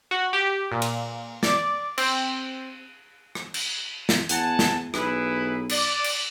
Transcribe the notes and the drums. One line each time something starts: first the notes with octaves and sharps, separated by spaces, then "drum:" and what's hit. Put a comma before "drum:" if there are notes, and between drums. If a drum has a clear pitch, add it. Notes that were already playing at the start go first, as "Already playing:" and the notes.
F#4
G4
A#2
drum: cymbal
D5, drum: snare
C4, drum: cymbal
drum: rim click
drum: cymbal
drum: snare
E2 F#5 G#5 A5, drum: hi-hat
drum: snare
B1 E4 G#4 B4, drum: rim click
D5, drum: cymbal
drum: cymbal